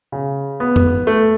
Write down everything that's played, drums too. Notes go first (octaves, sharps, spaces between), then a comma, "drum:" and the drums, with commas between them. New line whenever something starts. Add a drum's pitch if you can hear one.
C#3
B3
drum: tom F2
A3